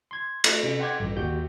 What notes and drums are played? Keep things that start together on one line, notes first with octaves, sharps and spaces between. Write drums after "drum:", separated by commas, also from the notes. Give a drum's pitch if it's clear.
C6 G#6
A3 B5, drum: cymbal
C3 C#4
F#5 G5 C6 D6 G#6
A1 G2 D3
D#2 F#4 G4 G5 G6